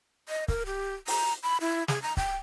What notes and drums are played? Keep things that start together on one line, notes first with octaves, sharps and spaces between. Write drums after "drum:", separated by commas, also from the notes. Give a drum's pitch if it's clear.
D#5
A#4, drum: kick C#1
G4
A#5, drum: open hi-hat
B5
E4
G#4, drum: snare
A#5
G5, drum: kick C#1